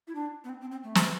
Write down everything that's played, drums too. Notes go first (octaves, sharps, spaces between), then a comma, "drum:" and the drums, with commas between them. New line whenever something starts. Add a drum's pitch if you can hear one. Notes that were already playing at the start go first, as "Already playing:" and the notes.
E4
D4
B3
C4
C4
C4
A3
drum: snare